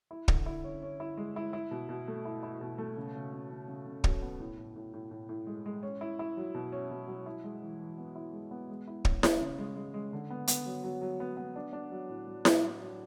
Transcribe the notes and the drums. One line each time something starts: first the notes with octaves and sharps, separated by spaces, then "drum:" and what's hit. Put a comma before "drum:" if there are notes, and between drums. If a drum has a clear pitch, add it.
E4
D3, drum: kick
E4
C#4
C#4
E4
G#3
E4
E4
B2
B2
A3
E4
E4
B2
A3
C#3
C#3
C#3
C#3
C#3
C#3
F#3, drum: kick
B3
A2
A2
A2
A2
A2
A2
G#3
G#3
C#4
E4
E4
F#3
B2
C#4
B2
F#3
E4
G#3
E3
E3
B3
E4
G#3
B3
G#3
E4
C#4, drum: kick
C#4, drum: snare E4
C#3
G#3
G#3
G#3
D3
B3
B3, drum: hi-hat
F#3
F#3
F#3
B3
B3
D4
D4
F#3
A2
F#3
A2, drum: snare E4
F#3
F#3